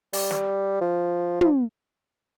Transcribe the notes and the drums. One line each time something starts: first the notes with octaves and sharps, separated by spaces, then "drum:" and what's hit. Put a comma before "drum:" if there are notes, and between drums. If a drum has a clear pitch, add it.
G3, drum: open hi-hat
drum: snare
F3
F3, drum: tom